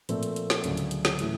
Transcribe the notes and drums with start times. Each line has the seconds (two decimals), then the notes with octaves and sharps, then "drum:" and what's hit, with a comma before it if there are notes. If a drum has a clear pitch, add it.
0.09 A#2 F3 A3 C4, drum: hi-hat
0.23 drum: hi-hat
0.36 drum: hi-hat
0.50 drum: snare
0.64 D2 C#3 F#3, drum: hi-hat
0.77 drum: hi-hat
0.91 drum: hi-hat
1.05 drum: snare
1.19 A2 E3 A3, drum: hi-hat